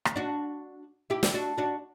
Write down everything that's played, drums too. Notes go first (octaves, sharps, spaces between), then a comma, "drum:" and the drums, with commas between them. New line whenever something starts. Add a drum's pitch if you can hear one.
drum: rim click
D4 F#4
E4 G4
drum: snare
D4 F#4
D4 F#4